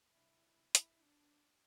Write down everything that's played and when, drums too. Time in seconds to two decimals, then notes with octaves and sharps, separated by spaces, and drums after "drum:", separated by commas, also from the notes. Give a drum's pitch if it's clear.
0.13 C3 G3 D4 E4
0.75 E4, drum: hi-hat
1.06 D4